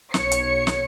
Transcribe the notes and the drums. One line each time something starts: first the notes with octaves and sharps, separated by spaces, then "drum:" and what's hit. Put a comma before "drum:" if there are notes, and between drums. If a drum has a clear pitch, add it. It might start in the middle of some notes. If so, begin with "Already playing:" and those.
B1 C#5 C#7, drum: snare
drum: hi-hat
drum: snare